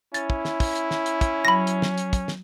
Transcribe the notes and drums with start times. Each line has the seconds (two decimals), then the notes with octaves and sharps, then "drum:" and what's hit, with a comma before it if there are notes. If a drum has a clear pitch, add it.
0.14 C#4 E4 A6, drum: hi-hat
0.30 drum: kick
0.45 drum: snare
0.60 drum: kick, open hi-hat
0.75 drum: hi-hat
0.91 drum: snare
1.06 drum: hi-hat
1.21 drum: kick, hi-hat
1.45 F#3 B5 A#6
1.67 drum: hi-hat
1.82 drum: snare
1.98 drum: hi-hat
2.13 drum: kick, hi-hat
2.28 drum: snare